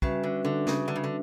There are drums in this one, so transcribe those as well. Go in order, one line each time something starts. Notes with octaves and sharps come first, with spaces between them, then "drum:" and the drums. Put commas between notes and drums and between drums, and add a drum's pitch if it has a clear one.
C#3 G3 C#4 F#4 B4 E5, drum: kick
D3
D3
C#3, drum: snare
D3
C#3
D3